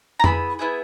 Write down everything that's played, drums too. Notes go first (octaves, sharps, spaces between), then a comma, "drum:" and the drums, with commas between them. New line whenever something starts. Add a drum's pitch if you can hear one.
A#5
B3 E4 G#4 B5, drum: tom F2
B3 E4 G#4